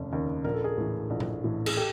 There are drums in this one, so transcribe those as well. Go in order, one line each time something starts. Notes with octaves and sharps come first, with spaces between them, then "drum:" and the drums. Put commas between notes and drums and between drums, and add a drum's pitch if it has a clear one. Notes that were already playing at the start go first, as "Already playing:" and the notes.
Already playing: F1 D#2 C#3
D#2 C#3
A#1 A#4
A4
G#4 A#4
A2 E3
A#1
drum: tom A#2
A2 E3
G#4, drum: cymbal
G4 A4